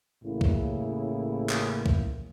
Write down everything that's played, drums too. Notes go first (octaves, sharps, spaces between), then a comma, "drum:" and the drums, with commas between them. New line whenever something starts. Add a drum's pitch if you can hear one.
A1 A2 C#3 A#3 E4
drum: kick
drum: clap
drum: kick